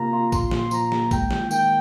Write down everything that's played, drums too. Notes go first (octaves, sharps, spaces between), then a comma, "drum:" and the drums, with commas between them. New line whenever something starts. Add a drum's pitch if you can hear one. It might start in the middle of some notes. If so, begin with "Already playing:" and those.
Already playing: C3 A#3 F4 A#5
F4
A#2 C6, drum: kick A1, tambourine
A#3, drum: snare
F3 A#5, drum: tambourine
A#3, drum: snare
G#3 G5, drum: kick A1, tambourine
D#3, drum: snare
D#3 G5, drum: tambourine